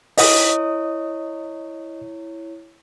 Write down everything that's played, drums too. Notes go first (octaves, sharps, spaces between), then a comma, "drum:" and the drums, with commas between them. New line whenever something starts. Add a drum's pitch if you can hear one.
E4 C#5 D#5 D#6, drum: open hi-hat